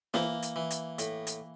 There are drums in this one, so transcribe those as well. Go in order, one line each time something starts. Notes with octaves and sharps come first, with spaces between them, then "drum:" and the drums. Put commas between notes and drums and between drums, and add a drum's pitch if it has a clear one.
E3 A#3, drum: snare
drum: hi-hat
E3
drum: hi-hat
A2, drum: hi-hat
drum: hi-hat